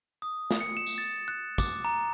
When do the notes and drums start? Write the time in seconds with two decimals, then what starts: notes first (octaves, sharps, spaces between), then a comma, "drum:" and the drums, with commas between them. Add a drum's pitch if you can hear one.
0.22 D#6
0.51 drum: snare
0.61 C#7
0.77 E7
0.86 drum: tambourine
0.98 A6
1.28 F#6
1.58 D6, drum: kick, tambourine
1.85 A#5